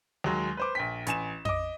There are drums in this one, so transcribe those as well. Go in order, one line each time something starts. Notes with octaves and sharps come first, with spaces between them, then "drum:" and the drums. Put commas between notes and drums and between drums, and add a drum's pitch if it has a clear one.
D#2 F#3 G#3
B4 C5 D6
A#1 G5 B6
A1 G#5 E7, drum: hi-hat
D#5 D6, drum: tom F2